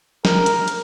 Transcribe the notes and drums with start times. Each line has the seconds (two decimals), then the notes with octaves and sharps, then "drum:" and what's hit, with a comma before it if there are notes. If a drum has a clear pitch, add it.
0.25 A#4, drum: snare
0.46 drum: hi-hat
0.68 drum: hi-hat